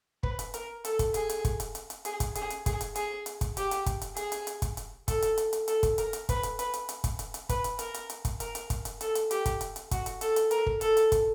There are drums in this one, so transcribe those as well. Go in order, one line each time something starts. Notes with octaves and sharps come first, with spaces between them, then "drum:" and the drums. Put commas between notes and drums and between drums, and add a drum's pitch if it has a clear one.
B4, drum: kick
drum: hi-hat
A#4, drum: hi-hat
A4, drum: hi-hat
drum: kick, hi-hat
G#4, drum: hi-hat
drum: hi-hat
drum: kick, hi-hat
drum: hi-hat
drum: hi-hat
drum: hi-hat
G#4, drum: hi-hat
drum: kick, hi-hat
G#4, drum: hi-hat
drum: hi-hat
G#4, drum: kick, hi-hat
drum: hi-hat
G#4, drum: hi-hat
drum: hi-hat
drum: kick, hi-hat
G4, drum: hi-hat
drum: hi-hat
drum: kick, hi-hat
drum: hi-hat
G#4, drum: hi-hat
drum: hi-hat
drum: hi-hat
drum: kick, hi-hat
drum: hi-hat
A4, drum: kick, hi-hat
drum: hi-hat
drum: hi-hat
drum: hi-hat
A4, drum: hi-hat
drum: kick, hi-hat
A#4, drum: hi-hat
drum: hi-hat
B4, drum: kick, hi-hat
drum: hi-hat
B4, drum: hi-hat
drum: hi-hat
drum: hi-hat
drum: kick, hi-hat
drum: hi-hat
drum: hi-hat
B4, drum: kick, hi-hat
drum: hi-hat
A#4, drum: hi-hat
drum: hi-hat
drum: hi-hat
drum: kick, hi-hat
A#4, drum: hi-hat
drum: hi-hat
drum: kick, hi-hat
drum: hi-hat
A4, drum: hi-hat
drum: hi-hat
G4, drum: hi-hat
drum: kick, hi-hat
drum: hi-hat
drum: hi-hat
F#4, drum: kick, hi-hat
drum: hi-hat
A4, drum: hi-hat
drum: hi-hat
A#4, drum: hi-hat
drum: kick
A4, drum: hi-hat
drum: hi-hat
drum: kick, hi-hat